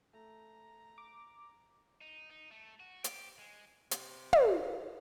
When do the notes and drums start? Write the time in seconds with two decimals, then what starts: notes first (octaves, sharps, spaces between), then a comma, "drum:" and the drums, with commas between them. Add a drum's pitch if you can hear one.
0.13 A3 A#5
0.98 D6
2.01 D#4
2.31 D#4
2.51 A3
2.80 F#4
3.04 G4, drum: hi-hat
3.39 G#3
3.91 C3, drum: hi-hat
4.33 drum: tom